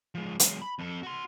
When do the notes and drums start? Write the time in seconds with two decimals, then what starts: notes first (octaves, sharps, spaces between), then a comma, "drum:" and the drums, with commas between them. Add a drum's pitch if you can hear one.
0.15 F3 G#3
0.40 F#3 G#3, drum: hi-hat
0.62 B5
0.79 F2 A4
1.03 F#4 C6